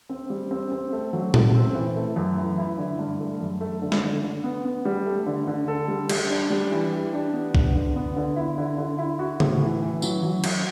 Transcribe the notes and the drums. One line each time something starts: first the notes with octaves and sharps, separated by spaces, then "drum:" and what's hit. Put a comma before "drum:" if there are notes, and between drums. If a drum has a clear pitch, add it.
C4
G3
C4
C4
A3
F#3
A3, drum: tom A#2
C4
E3
A3
F#2
E3
E4
D3
G2
A3
F#2
A3
D3
drum: snare
D3
D3
B3
B3
G3
A3
D3
D3
A4
G3
G3, drum: cymbal
D4
G3
E3
G4
D4
B3
E2, drum: kick
D3
B3
D3
E4
D3
D3
E4
F#4
A2, drum: tom C#3
E3
E3
F#3, drum: tambourine
F#3
F#3, drum: cymbal